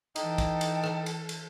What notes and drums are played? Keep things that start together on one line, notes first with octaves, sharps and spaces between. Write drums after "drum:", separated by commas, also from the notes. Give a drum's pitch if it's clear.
E3 D#4 A4 G5, drum: cymbal
drum: kick, cymbal
drum: cymbal
drum: rim click
drum: cymbal
drum: cymbal